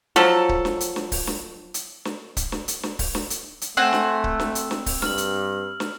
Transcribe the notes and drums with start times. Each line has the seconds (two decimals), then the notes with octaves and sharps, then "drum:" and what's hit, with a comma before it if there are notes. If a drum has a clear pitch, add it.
0.16 F3 F#3 A4, drum: snare
0.49 drum: kick C#1
0.65 drum: snare
0.80 drum: hi-hat
0.96 drum: snare
1.12 drum: kick C#1, open hi-hat
1.27 drum: snare
1.74 drum: hi-hat
2.05 drum: snare
2.37 drum: kick C#1, hi-hat
2.52 drum: snare
2.68 drum: hi-hat
2.83 drum: snare
2.99 drum: kick C#1, open hi-hat
3.15 drum: snare
3.30 drum: hi-hat
3.61 drum: hi-hat
3.77 A3 C4 F#5 G#5 E6 E7
3.93 drum: snare
4.24 drum: kick C#1
4.40 drum: snare
4.55 drum: hi-hat
4.71 drum: snare
4.86 drum: kick C#1, open hi-hat
5.02 G2 F6 F#7, drum: snare
5.18 drum: hi-hat
5.80 drum: snare